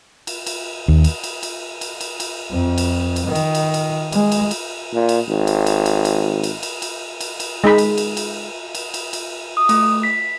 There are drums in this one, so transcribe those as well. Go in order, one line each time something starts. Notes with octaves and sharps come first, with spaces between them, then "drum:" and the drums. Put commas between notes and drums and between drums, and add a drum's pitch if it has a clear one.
drum: cymbal
drum: cymbal
D#2
drum: cymbal
drum: cymbal
drum: cymbal
drum: cymbal
drum: cymbal
drum: cymbal
F2
drum: cymbal
drum: cymbal
D#3
drum: cymbal
drum: cymbal
drum: cymbal
G#3, drum: cymbal
drum: cymbal
drum: cymbal
A#2
drum: cymbal
G#1
drum: cymbal
drum: cymbal
drum: cymbal
drum: cymbal
drum: cymbal
drum: cymbal
drum: cymbal
drum: cymbal
drum: cymbal
G#3 D#4 B5
drum: cymbal
drum: cymbal
drum: cymbal
drum: cymbal
drum: cymbal
drum: cymbal
D#6
A3, drum: cymbal
B6